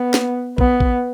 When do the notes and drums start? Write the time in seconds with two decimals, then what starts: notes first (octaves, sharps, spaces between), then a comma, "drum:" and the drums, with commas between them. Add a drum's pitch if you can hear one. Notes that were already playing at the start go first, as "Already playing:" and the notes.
Already playing: B3
0.14 drum: snare
0.58 B3, drum: kick
0.80 drum: kick